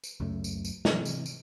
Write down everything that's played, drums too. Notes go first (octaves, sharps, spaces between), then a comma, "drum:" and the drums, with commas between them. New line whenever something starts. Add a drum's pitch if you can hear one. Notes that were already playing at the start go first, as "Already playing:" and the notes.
drum: tambourine
C#2 F#2 C#3 A3
drum: tambourine
drum: tambourine
C3 E3, drum: snare
drum: tambourine
drum: tambourine